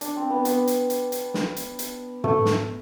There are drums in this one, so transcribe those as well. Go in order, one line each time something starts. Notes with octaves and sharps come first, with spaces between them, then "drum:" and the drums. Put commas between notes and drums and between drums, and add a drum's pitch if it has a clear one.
D4, drum: hi-hat
C4
B3
B3, drum: hi-hat
drum: hi-hat
drum: hi-hat
drum: hi-hat
drum: snare
drum: hi-hat
drum: hi-hat
A3, drum: tom
drum: snare